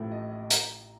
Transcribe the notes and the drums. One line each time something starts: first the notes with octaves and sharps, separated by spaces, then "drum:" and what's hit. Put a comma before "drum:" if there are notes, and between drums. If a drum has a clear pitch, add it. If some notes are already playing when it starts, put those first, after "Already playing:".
Already playing: A1 A2 F3 A3
D#5
D#5
A#5, drum: hi-hat